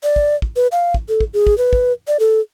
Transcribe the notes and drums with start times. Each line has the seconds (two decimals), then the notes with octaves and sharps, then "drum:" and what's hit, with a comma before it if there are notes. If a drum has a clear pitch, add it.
0.03 D5
0.16 drum: kick
0.42 drum: kick
0.56 B4
0.72 F5
0.94 drum: kick
1.09 A4
1.21 drum: kick
1.34 G#4
1.47 drum: kick
1.58 B4
1.73 drum: kick
2.08 D5
2.20 A4